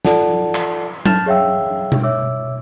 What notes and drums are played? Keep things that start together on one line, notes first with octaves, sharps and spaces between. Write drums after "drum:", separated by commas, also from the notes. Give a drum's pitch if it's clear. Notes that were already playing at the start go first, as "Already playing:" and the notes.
F4 A4 D5 F#5 A5, drum: snare
drum: clap
A5 F6 G6 A6 E7 F7, drum: tom F#3
G#4 C#5 E5 F5 G5 E6
drum: tom B2
C#5 E5 D6 E6